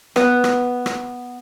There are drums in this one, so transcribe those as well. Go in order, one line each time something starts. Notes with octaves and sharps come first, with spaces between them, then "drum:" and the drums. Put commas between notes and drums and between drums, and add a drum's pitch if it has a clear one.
B3, drum: rim click
drum: rim click
drum: rim click